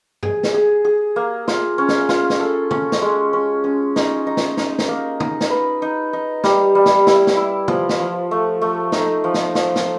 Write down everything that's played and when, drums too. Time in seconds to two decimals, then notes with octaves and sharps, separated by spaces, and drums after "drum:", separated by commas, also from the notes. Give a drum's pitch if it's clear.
0.23 G#4, drum: tom G2
0.43 drum: snare
0.54 G#4
0.85 G#4
1.16 A#3
1.48 F4, drum: snare
1.78 C#4
1.88 drum: snare
2.09 F4, drum: snare
2.30 drum: snare
2.40 A4
2.71 C#4, drum: tom
2.92 drum: snare
3.02 G#3
3.33 C#4
3.64 C#4
3.96 D#4, drum: snare
4.27 D#4
4.37 drum: snare
4.57 D#4, drum: snare
4.78 drum: snare
4.88 A#3
5.20 D#4, drum: tom
5.41 drum: snare
5.50 B4
5.82 D#4
6.13 D#4
6.44 G3, drum: snare
6.75 G3
6.86 drum: snare
7.07 E4, drum: snare
7.27 drum: snare
7.37 E4
7.68 F3, drum: tom
7.89 drum: snare
7.99 F3
8.31 A3
8.62 A3
8.92 D#4, drum: snare
9.24 F3
9.34 drum: snare
9.55 F3, drum: snare
9.76 drum: snare